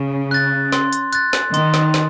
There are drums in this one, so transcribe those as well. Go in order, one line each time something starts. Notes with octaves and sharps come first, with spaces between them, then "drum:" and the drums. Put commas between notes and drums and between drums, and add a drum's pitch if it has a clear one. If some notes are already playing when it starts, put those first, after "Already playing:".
Already playing: C#3
F#6 A6
C6, drum: snare
drum: hi-hat
F#6 A6, drum: hi-hat
drum: snare
D#3 C6, drum: hi-hat
drum: snare
drum: snare